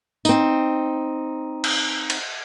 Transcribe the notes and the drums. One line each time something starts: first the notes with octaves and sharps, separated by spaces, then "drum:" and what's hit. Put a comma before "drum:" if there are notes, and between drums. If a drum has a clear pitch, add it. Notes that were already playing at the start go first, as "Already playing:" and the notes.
C4 D#4, drum: tambourine
drum: cymbal
drum: cymbal